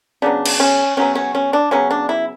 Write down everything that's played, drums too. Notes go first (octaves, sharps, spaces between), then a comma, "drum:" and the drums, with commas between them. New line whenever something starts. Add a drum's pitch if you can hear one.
C#3 F#3 B3 D4
drum: cymbal
C#4
C#3 F#3 B3 C#4
C#4
C#4
D4
C#3 F#3 B3 C#4
D4
E4